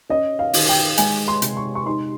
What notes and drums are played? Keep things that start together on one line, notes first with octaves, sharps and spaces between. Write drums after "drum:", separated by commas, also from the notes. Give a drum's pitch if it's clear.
C#4 D#5
F5
D#3, drum: open hi-hat
G5
G#3 G#5, drum: hi-hat
C6
C3, drum: hi-hat
C#6
C#6
D#4 C6